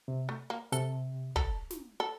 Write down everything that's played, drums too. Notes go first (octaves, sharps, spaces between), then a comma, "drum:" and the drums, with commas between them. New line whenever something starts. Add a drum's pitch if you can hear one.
C3
A3
A#3
C3 A4, drum: hi-hat
A4, drum: kick
drum: snare
A4